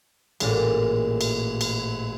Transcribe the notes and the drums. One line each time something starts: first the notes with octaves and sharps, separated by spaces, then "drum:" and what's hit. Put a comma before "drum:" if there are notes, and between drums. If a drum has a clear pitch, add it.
A1 A#2 G#3, drum: cymbal
drum: cymbal
drum: cymbal